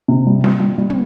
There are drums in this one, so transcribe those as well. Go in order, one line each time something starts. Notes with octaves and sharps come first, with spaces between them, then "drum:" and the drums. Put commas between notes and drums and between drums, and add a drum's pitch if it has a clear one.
C3
G3
G3, drum: snare
G3
G3
drum: tom